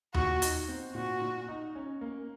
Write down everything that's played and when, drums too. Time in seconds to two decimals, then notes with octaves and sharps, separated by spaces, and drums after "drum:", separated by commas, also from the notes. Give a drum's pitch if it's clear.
0.14 A#2 F#4, drum: tom D#2
0.42 D#4, drum: hi-hat
0.68 C4
0.95 A#2 F#4
1.21 A#2
1.48 D#4
1.75 C#4
2.01 A#3